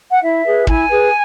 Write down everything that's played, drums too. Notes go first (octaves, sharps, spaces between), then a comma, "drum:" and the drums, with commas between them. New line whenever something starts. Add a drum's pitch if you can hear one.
F#5
E4 E5
G#4 B4
E4 G#5, drum: kick
G#4 B4